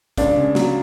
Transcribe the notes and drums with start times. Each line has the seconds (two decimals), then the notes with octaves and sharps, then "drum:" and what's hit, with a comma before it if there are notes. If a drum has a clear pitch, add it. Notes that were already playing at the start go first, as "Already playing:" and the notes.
0.17 C#2 D4, drum: kick, hi-hat
0.36 C#3, drum: tom C3
0.55 F#3, drum: snare